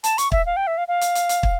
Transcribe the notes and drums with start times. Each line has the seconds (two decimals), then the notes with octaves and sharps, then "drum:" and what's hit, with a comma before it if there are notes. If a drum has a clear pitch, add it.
0.04 A5, drum: hi-hat
0.18 C#6, drum: hi-hat
0.32 E5, drum: kick
0.46 F5
0.57 G5
0.67 E5
0.78 F5
0.88 F5
1.01 drum: hi-hat
1.15 drum: hi-hat
1.29 drum: hi-hat
1.43 drum: kick